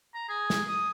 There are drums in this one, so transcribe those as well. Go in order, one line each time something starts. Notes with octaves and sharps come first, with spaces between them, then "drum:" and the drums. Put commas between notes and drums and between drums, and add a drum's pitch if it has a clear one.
A#5
G#4
drum: snare
D#6